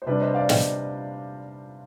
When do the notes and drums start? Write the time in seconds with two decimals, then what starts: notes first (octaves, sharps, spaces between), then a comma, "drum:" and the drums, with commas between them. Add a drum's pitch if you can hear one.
0.02 C5
0.06 C3 G3 D4 B4 D5
0.21 C5 D#5
0.34 D5 F5
0.49 D#5 G5, drum: snare